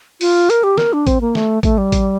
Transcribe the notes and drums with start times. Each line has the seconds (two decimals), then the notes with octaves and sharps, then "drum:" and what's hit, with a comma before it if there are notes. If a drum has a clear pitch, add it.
0.21 F4, drum: open hi-hat
0.50 A#4, drum: hi-hat
0.64 G4
0.78 A#4, drum: snare
0.93 D4
1.07 C4, drum: kick A1, hi-hat
1.21 A#3
1.35 A3, drum: snare
1.63 A3, drum: kick A1, hi-hat
1.78 G3
1.92 drum: kick A1, hi-hat